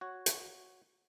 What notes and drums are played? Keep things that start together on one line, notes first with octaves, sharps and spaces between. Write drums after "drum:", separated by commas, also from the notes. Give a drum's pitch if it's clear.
F#4 C#5
drum: hi-hat